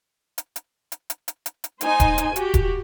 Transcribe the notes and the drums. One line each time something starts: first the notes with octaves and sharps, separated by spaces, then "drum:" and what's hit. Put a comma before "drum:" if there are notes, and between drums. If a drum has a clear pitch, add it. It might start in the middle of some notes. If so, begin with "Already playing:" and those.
drum: hi-hat
drum: hi-hat
drum: hi-hat
drum: hi-hat
drum: hi-hat
drum: hi-hat
drum: hi-hat
D#4 C5 G#5, drum: hi-hat
drum: kick D#1, hi-hat
drum: hi-hat
F#4 G4, drum: hi-hat
drum: kick D#1, hi-hat